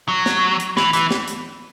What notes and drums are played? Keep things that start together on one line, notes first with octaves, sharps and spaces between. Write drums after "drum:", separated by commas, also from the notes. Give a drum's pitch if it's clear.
F#3
drum: snare
drum: hi-hat
E3, drum: snare
E3, drum: hi-hat
drum: snare
drum: hi-hat